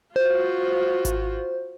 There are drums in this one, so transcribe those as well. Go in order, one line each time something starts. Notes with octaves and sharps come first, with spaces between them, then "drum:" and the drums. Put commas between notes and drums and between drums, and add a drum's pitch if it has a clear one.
F4 F#4 C5
drum: kick G#1, hi-hat